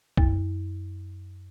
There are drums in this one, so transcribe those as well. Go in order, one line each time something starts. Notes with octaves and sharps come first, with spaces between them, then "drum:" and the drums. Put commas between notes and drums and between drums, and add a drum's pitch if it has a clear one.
F#2, drum: kick B1